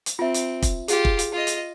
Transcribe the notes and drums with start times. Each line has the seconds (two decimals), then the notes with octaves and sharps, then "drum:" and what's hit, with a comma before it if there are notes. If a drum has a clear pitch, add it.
0.06 drum: hi-hat
0.19 C4 F4 E5
0.34 drum: hi-hat
0.62 drum: kick, hi-hat
0.88 F4 G4 G#4, drum: hi-hat
1.05 drum: kick
1.19 drum: hi-hat
1.33 F4 D#5
1.47 drum: hi-hat